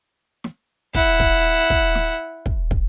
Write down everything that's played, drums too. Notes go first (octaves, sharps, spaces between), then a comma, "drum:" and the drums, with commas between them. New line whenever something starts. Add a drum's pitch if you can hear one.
drum: snare
E4 F#5, drum: kick
drum: kick
drum: kick
drum: snare
drum: kick
drum: kick